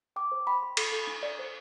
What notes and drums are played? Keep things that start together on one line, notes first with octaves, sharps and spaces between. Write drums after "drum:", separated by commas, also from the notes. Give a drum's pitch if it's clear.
G5 D6
C5
G5 B5
C6
A4, drum: cymbal
A4
D4
D5
C5